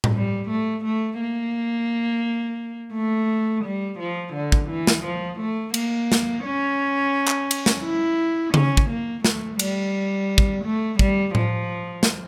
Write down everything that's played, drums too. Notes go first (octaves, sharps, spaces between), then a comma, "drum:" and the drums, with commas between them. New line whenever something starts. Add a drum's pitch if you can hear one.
drum: tom A2
G3
A3
A3
A#3
A3
G3
F3
D3
drum: kick
E3
drum: snare
F3
A3
A#3, drum: cymbal
drum: snare
C#4
drum: clap
drum: cymbal
drum: snare
E4
C#4, drum: tom C#3
drum: kick
A#3
A3, drum: snare
G3, drum: cymbal
drum: kick
A3
G3, drum: kick
F3, drum: tom A2
drum: snare